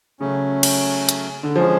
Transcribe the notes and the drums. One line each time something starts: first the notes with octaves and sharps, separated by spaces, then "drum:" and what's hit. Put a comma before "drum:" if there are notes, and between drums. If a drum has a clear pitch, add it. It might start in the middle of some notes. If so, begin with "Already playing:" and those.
C#3 F#3 A3 C#4
drum: cymbal
drum: hi-hat
D3
D3 F3 G#3 C#4 G#4